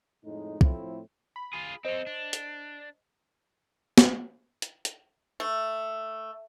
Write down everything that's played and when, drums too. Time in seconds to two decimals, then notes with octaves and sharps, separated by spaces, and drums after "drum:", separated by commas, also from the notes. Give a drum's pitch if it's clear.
0.25 F2 A2 G#3 D#4
0.61 A2 F3 A3 C4 E4, drum: kick
1.36 B5
1.53 F4 G#4
1.85 C4 A4 C5 D#5
2.07 D4
2.33 drum: hi-hat
3.98 drum: snare
4.62 drum: hi-hat
4.85 drum: hi-hat
5.40 A3